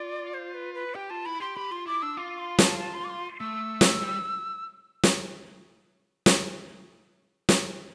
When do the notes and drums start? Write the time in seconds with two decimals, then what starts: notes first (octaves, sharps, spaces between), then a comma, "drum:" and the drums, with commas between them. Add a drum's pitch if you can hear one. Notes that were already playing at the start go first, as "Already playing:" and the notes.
Already playing: F4 D5
0.34 C5
0.54 B4
0.75 B4
0.95 G4 G5
1.10 F4 A5
1.26 E4 B5
1.40 G4 C6
1.56 G4 B5
1.71 F4 C6
1.86 E4 D6
2.02 D4 E6
2.17 F4 D6
2.38 C6
2.59 A5, drum: snare
2.79 A5
2.94 C6
3.04 D6
3.09 C6
3.40 A3 E6
3.81 drum: snare
4.02 G3
5.03 drum: snare
6.26 drum: snare
7.49 drum: snare